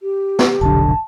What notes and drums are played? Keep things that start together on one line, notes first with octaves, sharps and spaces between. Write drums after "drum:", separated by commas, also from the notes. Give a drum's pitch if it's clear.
G4
drum: snare
F1 B1 D3 A5